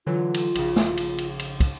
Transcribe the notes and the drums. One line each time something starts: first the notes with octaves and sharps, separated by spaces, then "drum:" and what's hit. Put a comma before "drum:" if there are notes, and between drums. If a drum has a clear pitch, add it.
D3 E3 F#3 F4
drum: cymbal
A#1 C#3, drum: cymbal
drum: snare A3
drum: cymbal
drum: cymbal
drum: cymbal
drum: kick, cymbal